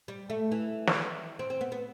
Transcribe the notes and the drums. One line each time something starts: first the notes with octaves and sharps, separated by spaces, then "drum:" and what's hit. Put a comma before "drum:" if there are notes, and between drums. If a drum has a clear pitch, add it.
G3
A3
E3
drum: snare
C4
C4
B3
B3